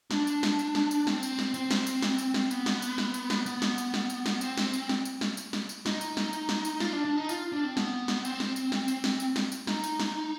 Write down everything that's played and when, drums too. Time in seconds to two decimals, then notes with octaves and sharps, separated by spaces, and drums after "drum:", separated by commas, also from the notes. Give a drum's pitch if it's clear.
0.11 D4, drum: snare
0.27 drum: tambourine
0.43 drum: snare
0.59 drum: tambourine
0.75 drum: snare
0.91 drum: tambourine
1.07 C4, drum: snare
1.23 drum: tambourine
1.39 drum: snare
1.54 C4, drum: tambourine
1.71 drum: snare
1.87 drum: tambourine
2.02 drum: snare
2.18 drum: tambourine
2.34 drum: snare
2.51 B3, drum: tambourine
2.66 drum: snare
2.82 drum: tambourine
2.98 drum: snare
3.14 drum: tambourine
3.30 drum: snare
3.46 B3, drum: tambourine
3.62 drum: snare
3.78 drum: tambourine
3.94 drum: snare
4.10 drum: tambourine
4.26 drum: snare
4.41 C4, drum: tambourine
4.58 drum: snare
4.73 drum: tambourine
4.89 drum: snare
5.05 drum: tambourine
5.21 drum: snare
5.37 drum: tambourine
5.53 drum: snare
5.69 drum: tambourine
5.86 D#4, drum: snare
6.01 drum: tambourine
6.17 drum: snare
6.33 drum: tambourine
6.49 drum: snare
6.65 drum: tambourine
6.80 F4, drum: snare
6.93 D4
7.05 D4
7.17 D#4
7.29 F4, drum: tambourine
7.52 D4
7.64 C4
7.77 B3, drum: snare
8.08 drum: snare
8.25 C4, drum: tambourine
8.40 drum: snare
8.56 drum: tambourine
8.72 drum: snare
8.88 drum: tambourine
9.04 drum: snare
9.20 drum: tambourine
9.36 drum: snare
9.52 drum: tambourine
9.67 D#4, drum: snare
9.84 drum: tambourine
10.00 drum: snare